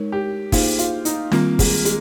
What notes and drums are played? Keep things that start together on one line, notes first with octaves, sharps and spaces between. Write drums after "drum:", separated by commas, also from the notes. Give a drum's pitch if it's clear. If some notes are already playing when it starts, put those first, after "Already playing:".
Already playing: G#3 D#4 A#4 C#5
G4
A#3 D#4 F4 G#4 C5, drum: kick, open hi-hat
F4, drum: hi-hat
D#4, drum: hi-hat
D#3 G3 A#3 C4 F4, drum: snare
G#3, drum: kick, open hi-hat
G#3, drum: hi-hat